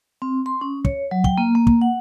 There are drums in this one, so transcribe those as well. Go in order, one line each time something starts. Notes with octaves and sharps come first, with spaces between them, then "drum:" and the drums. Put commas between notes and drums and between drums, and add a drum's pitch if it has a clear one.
C4
C6
C#4
C#5, drum: kick
F#3
G5, drum: kick
A#3
A#3
drum: kick
F#5